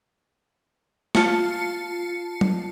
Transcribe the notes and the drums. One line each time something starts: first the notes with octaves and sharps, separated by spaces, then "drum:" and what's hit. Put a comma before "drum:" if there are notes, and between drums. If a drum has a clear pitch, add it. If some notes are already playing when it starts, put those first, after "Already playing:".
F4 A5 C#7, drum: snare
drum: tom F#3